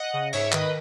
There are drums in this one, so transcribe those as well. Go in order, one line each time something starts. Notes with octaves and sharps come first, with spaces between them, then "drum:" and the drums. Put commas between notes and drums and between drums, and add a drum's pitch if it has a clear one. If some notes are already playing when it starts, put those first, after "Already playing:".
Already playing: D#5 F#5
C#3
G#2 C#5 E5, drum: cymbal
D#3 B4 D#5, drum: clap